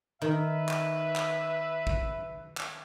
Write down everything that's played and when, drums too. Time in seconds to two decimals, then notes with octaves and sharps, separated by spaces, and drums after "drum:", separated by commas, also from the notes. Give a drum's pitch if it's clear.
0.22 D#3 B4 E5
0.69 drum: clap
1.16 drum: clap
1.87 drum: kick
2.58 drum: clap